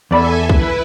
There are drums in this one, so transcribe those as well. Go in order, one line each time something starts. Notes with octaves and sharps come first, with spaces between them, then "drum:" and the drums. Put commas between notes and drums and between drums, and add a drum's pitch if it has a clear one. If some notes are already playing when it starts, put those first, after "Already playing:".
E2 A4 D5 E5 G#5 B5
E4 B4, drum: kick